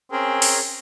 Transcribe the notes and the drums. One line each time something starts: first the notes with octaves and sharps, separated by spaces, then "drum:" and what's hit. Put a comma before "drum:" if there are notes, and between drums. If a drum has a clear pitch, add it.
C4 C#4 G#4 A#4
drum: open hi-hat